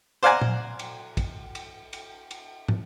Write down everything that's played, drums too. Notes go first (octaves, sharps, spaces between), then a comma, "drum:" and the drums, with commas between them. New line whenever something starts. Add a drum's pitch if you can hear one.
C5 D5 F5 F#5 G#5 A#5
drum: tom A#2
drum: cymbal
drum: kick, cymbal
drum: cymbal
drum: cymbal
drum: cymbal
drum: tom